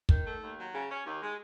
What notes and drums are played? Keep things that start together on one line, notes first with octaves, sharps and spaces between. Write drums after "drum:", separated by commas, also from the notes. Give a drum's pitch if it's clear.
D#3, drum: kick
A3
D#2
F#3
C#3
C#4
D#2
G#3